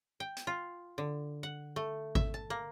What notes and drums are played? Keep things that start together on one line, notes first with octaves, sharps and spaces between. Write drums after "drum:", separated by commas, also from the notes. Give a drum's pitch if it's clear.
G5
drum: hi-hat
F4
D3
F#5
A3
E5, drum: kick G#1
A5
A#3